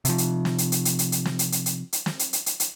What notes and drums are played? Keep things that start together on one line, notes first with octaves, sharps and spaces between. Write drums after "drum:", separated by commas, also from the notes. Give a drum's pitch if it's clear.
C3 F3, drum: hi-hat
drum: hi-hat
drum: snare
drum: hi-hat
drum: hi-hat
drum: hi-hat
drum: hi-hat
drum: hi-hat
drum: snare
drum: hi-hat
drum: hi-hat
drum: hi-hat
drum: hi-hat
drum: snare
drum: hi-hat
drum: hi-hat
drum: hi-hat
drum: hi-hat